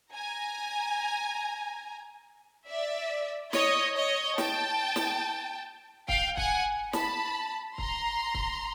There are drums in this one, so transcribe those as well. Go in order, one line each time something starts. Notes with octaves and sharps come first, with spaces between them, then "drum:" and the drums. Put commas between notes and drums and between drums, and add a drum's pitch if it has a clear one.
G#5 A#5
D5 E5
C#5 D#5, drum: snare
C#5 D#5
G5 A5, drum: snare
drum: snare
F5 G5, drum: kick
F#5 G#5, drum: kick
A5 B5, drum: snare
A#5 C6, drum: kick
drum: kick